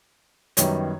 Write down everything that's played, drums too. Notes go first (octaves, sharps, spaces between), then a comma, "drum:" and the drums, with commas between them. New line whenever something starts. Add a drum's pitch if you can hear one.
F#2 D#3 G3 B3 C#5, drum: hi-hat